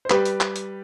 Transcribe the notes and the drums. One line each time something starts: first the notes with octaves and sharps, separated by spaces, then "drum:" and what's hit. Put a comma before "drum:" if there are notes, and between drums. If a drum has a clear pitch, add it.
C5
G3 G4 B4, drum: clap
drum: hi-hat
drum: clap
drum: hi-hat